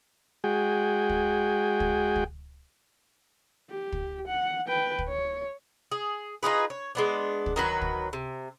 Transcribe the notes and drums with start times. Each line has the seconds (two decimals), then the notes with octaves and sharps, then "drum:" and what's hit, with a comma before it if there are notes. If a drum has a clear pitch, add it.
0.44 G#3 F#4 G#4 G5
1.09 drum: kick
1.80 drum: kick
2.16 drum: kick
3.70 G4
3.92 drum: kick
4.28 F#5
4.68 B4 G5
4.99 drum: kick
5.08 C#5
5.92 G#4
6.43 D#4 F4 G#4 B4
6.70 C#5
6.95 G#3 B3 D4
7.46 drum: kick
7.56 D#3 F#3 B4
7.81 drum: kick
8.13 C3